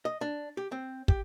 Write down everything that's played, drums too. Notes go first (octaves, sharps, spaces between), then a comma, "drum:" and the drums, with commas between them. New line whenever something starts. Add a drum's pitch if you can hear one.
D#5
D4
G4
C4
G4, drum: kick